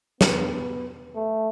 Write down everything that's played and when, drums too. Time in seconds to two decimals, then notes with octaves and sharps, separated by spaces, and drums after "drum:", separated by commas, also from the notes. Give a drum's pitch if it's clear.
0.21 B3, drum: snare
1.15 A3